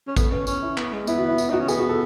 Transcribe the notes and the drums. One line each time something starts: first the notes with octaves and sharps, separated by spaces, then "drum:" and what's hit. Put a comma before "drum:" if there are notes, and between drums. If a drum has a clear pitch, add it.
C#4
B3 A4, drum: kick A1, tambourine
C#4 B4
C#4 B4, drum: tambourine
E4
B3, drum: clap
G#3
B3 E4, drum: tambourine
F#4
E4
E4, drum: tambourine
D#4 F#4
C#4
B3 G#4, drum: tambourine
F#4
A4